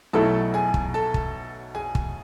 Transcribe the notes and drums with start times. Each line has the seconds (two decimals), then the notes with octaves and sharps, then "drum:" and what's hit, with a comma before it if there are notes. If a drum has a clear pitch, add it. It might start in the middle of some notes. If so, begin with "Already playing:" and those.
0.13 B1 B2 F#3 A3 E4 A4 A5
0.54 G#4 G#5
0.74 drum: kick
0.94 A4 A5
1.14 drum: kick
1.75 G#4 G#5
1.95 drum: kick